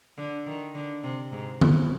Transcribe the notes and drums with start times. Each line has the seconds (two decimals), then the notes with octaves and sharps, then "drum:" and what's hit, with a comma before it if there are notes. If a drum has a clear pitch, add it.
0.18 D3
0.47 D#3
0.74 D3
1.03 C3
1.32 G#2
1.61 G#2, drum: tom D3